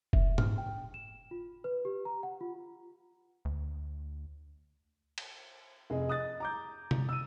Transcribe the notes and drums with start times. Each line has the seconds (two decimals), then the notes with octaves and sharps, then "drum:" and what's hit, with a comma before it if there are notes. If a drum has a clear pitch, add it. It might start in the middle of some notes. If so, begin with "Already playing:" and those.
0.13 E5, drum: kick F1
0.38 F6, drum: tom G#2
0.58 G5
0.94 E7
1.31 F4
1.64 B4
1.85 G4
2.05 A#5
2.23 F#5
2.41 F4
3.45 D2
5.18 drum: cymbal
5.90 F1 G#4 D#5
6.08 D#5 D#6 F#6 A6
6.40 A#5 D6 G6
6.91 drum: tom
7.09 E6 D#7